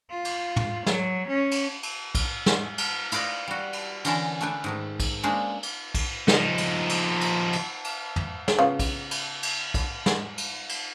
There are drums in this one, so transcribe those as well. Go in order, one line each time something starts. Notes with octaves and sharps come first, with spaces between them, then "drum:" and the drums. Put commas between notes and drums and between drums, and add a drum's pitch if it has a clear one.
F4
drum: cymbal
drum: tom
F#3, drum: snare
C#4
drum: cymbal
drum: cymbal
drum: kick B1, cymbal
drum: snare
drum: cymbal
E4 F4 B4 D5 D#5, drum: cymbal
G3 F#4
drum: cymbal
D3 E3 C#4 A#4 A5 C6, drum: cymbal
A3 D4 B4 G5 G#5
G#2 D#3 A3
drum: kick B1, cymbal
G#3 A#3 C#4 D4 C5
drum: cymbal
drum: kick B1, cymbal
F3 D#4, drum: snare
drum: cymbal
drum: cymbal
drum: cymbal
drum: cymbal
drum: cymbal
drum: tom
drum: snare
C#3 B3 F4
drum: kick B1, cymbal
drum: cymbal
drum: cymbal
drum: kick B1, cymbal
drum: snare
drum: cymbal
drum: cymbal